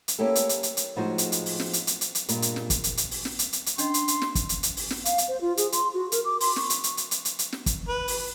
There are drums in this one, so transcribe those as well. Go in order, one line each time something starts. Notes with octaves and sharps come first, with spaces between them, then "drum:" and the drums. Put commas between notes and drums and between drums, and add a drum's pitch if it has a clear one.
drum: hi-hat
A#3 C#4 E4 G4 A4
drum: hi-hat
drum: hi-hat
drum: hi-hat
drum: hi-hat
A2 F3 G#3 D#4 F#4 C5
drum: hi-hat
drum: hi-hat
drum: open hi-hat
drum: snare
drum: hi-hat
drum: hi-hat
drum: hi-hat
drum: hi-hat
G2 A#2 G#3 A#3, drum: hi-hat
drum: hi-hat
drum: snare
drum: kick, hi-hat
drum: hi-hat
drum: hi-hat
drum: open hi-hat
drum: snare
drum: hi-hat
drum: hi-hat
drum: hi-hat
C#4 D4 D#5 C6, drum: hi-hat
drum: hi-hat
drum: hi-hat
drum: snare
drum: kick, hi-hat
drum: hi-hat
drum: hi-hat
drum: open hi-hat
drum: snare
F5, drum: hi-hat
drum: hi-hat
C5
F4
G#4, drum: hi-hat
C6, drum: hi-hat
F#4
A#4, drum: hi-hat
D6
C6, drum: open hi-hat
C#6, drum: snare
drum: hi-hat
drum: hi-hat
drum: hi-hat
drum: hi-hat
drum: hi-hat
drum: hi-hat
drum: snare
drum: kick, hi-hat
B4
drum: open hi-hat